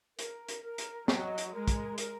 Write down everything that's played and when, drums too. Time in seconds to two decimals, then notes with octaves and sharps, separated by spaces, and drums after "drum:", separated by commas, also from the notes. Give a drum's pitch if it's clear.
0.19 A#4, drum: hi-hat
0.49 drum: hi-hat
0.63 A#4
0.78 drum: hi-hat
1.08 F#3 D#5, drum: snare
1.38 drum: hi-hat
1.53 G#3 A#4
1.68 drum: kick, hi-hat
1.98 A#4, drum: hi-hat